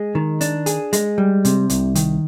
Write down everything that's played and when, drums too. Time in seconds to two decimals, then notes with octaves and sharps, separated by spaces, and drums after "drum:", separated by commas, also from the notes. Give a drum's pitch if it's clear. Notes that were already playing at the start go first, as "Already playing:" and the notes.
Already playing: G#3 G#4
0.15 D#3
0.41 D4, drum: hi-hat
0.66 G#4, drum: hi-hat
0.93 G#3, drum: hi-hat
1.18 G3
1.45 C3, drum: hi-hat
1.70 C2, drum: hi-hat
1.95 D#3, drum: hi-hat